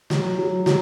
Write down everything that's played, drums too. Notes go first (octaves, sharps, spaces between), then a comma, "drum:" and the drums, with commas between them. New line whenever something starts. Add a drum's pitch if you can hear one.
F#3, drum: snare
F#3
F#3, drum: snare